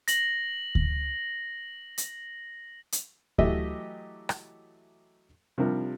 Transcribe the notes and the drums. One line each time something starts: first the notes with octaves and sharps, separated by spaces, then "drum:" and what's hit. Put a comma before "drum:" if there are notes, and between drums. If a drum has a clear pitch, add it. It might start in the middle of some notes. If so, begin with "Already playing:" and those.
A#6 F#7, drum: hi-hat
drum: kick D2
drum: hi-hat
drum: hi-hat
E3 F#3 A3 G4 D#5 E5, drum: kick D2
drum: rim click
C3 F3 G3 D4 A#4